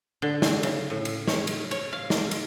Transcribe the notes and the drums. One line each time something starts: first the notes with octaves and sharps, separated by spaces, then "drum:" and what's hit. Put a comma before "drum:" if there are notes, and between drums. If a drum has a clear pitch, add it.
D3
drum: snare
C#3, drum: cymbal
A2
drum: cymbal
C#5, drum: snare
drum: cymbal
C#5, drum: cymbal
F5
drum: snare
drum: cymbal